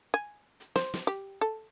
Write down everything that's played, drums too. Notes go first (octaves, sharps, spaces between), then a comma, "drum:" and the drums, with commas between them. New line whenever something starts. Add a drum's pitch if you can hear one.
G#5
drum: hi-hat
C5, drum: snare
drum: snare
G4
A4